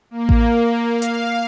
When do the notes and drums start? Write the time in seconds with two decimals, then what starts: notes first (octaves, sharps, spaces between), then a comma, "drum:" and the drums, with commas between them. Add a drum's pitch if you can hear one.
0.11 A#3
0.29 drum: kick A1
0.89 F5
1.02 drum: hi-hat